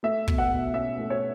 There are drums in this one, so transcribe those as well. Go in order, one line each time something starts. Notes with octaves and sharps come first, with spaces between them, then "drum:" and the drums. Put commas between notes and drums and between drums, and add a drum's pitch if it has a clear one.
A3 E5
B2, drum: kick
F#5
B2
C#4 E5
A3
C#5